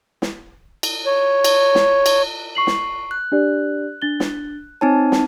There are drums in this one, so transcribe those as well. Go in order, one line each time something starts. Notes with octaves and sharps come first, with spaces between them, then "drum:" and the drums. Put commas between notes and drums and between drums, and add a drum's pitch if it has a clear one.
drum: snare
drum: cymbal
C#5
drum: cymbal
drum: snare
drum: cymbal
C#6 C7 F#7
drum: snare
F#6
D4 G4 D5
D4 A6 G7
drum: snare
C4 D#4 C#5 G#5 A5
drum: snare